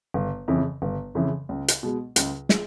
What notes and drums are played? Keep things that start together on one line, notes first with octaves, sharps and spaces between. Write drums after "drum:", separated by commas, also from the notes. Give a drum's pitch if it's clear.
G1
F2 C#3 E3
G1
F2 C#3 E3
C#2
drum: hi-hat
B2 G#3
C#2, drum: hi-hat
G#3, drum: snare